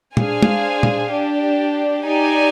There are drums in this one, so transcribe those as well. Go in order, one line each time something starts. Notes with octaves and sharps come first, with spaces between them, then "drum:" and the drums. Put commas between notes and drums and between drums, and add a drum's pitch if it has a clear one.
D4 G#4 C5 F5 G#5, drum: tom A#2
drum: tom
drum: tom A#2
D4 G4 D5
D#4 G4 D5 G#5